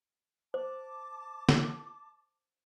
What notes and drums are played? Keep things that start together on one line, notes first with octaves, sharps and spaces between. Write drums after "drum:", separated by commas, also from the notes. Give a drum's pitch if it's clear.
C5 A5 D6
drum: snare